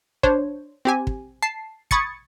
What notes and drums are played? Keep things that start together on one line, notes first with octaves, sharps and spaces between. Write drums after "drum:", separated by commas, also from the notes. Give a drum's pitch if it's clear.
D4 C5 C#5, drum: kick
C4 G4 G#5
drum: kick
A5 C7
B5 C#6 D#6 G#6 A6 C#7, drum: kick